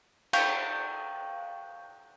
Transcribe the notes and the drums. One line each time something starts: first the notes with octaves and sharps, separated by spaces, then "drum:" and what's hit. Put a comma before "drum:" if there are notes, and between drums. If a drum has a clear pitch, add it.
F5 G5 C#6 G6, drum: cymbal